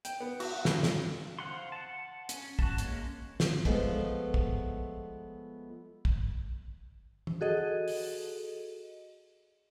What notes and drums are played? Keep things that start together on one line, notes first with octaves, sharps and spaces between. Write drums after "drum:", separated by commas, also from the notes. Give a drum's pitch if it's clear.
G5, drum: hi-hat
B3
F#4, drum: cymbal
G2, drum: snare
drum: snare
C5 F5 F#5 C6
F#5 A5
C#4, drum: hi-hat
F#4 A5, drum: kick
G#3 A#3 C#4, drum: hi-hat
drum: snare
F3 G#3 A3 B3, drum: kick
drum: kick
drum: kick
drum: tom
F#4 G#4 A4 D#5
drum: open hi-hat